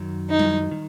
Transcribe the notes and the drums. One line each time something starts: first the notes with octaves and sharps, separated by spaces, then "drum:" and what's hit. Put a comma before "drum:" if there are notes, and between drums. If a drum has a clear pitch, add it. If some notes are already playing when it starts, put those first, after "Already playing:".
Already playing: F#2 D#3 F#3
D#4
drum: tom G3
D#3